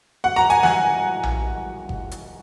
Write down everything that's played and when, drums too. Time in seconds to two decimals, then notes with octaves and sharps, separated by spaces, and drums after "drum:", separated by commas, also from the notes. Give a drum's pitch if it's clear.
0.24 F#5
0.36 A#5
0.50 G#5, drum: hi-hat
0.63 F#5, drum: snare
1.23 drum: tom A#1
1.89 drum: kick G1
2.11 drum: hi-hat